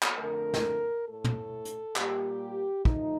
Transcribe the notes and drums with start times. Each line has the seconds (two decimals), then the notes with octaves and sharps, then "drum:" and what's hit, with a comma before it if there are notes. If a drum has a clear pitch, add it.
0.02 drum: clap
0.17 F2 D3 A3 A#4
0.54 drum: snare
1.07 A2 A3 A4
1.24 drum: tom
1.65 drum: hi-hat
1.96 A#2 G3 A#3 G4, drum: clap
2.85 F3 A3 D#4, drum: kick